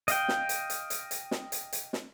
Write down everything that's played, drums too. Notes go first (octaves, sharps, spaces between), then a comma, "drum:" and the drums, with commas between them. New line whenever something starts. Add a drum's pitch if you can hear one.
D#5 F5 G5, drum: hi-hat
drum: snare
drum: hi-hat
drum: hi-hat
drum: hi-hat
drum: hi-hat
drum: snare
drum: hi-hat
drum: hi-hat
drum: snare